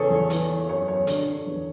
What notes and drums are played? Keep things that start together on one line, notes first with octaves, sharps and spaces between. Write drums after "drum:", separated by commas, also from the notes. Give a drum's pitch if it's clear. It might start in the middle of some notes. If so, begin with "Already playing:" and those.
Already playing: E2 C#3 E3 G#4 A4 C#5
E2
E3, drum: hi-hat
E3
F#2 C#5
F#2 C#5
D3, drum: hi-hat
D3
E2